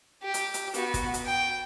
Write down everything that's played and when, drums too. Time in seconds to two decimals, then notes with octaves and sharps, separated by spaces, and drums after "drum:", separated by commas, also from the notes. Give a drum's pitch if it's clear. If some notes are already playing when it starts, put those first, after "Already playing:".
0.22 G4
0.34 drum: hi-hat
0.54 drum: hi-hat
0.74 B3 F#4, drum: hi-hat
0.94 drum: kick, hi-hat
1.14 drum: hi-hat
1.25 G5